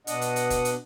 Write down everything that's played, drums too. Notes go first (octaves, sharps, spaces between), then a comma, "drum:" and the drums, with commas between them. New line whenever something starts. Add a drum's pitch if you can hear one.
B2 D4 D#5 F#5, drum: hi-hat
drum: hi-hat
drum: hi-hat
drum: kick F#1, hi-hat
drum: hi-hat